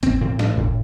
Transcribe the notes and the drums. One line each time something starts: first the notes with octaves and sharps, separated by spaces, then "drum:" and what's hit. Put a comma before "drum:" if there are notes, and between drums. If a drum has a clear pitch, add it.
A1 C4, drum: kick G1, hi-hat
A2 C4
A1 D4, drum: snare
A2, drum: kick G1